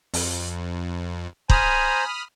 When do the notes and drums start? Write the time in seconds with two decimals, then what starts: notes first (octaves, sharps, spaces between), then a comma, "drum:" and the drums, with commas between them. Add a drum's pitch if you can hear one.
0.14 F2, drum: open hi-hat
1.50 C5 G#5 A#5 B5 D#6 F6, drum: kick